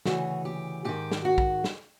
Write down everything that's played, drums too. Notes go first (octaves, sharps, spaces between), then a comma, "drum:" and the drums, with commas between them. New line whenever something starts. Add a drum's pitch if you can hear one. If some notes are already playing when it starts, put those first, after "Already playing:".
D2 C#3 E3 F#4, drum: snare
G4
G#2 D#3 G4
drum: snare
F#4
drum: kick
drum: snare